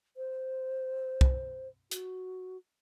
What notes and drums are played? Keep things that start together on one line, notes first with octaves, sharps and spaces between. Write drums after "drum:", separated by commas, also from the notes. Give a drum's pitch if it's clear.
C5
drum: kick
F#4, drum: hi-hat